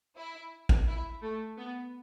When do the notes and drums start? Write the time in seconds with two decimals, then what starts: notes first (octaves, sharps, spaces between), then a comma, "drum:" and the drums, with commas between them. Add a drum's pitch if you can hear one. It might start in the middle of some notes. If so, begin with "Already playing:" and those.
0.17 E4
0.69 drum: kick A1
0.87 E4
1.22 A3
1.57 B3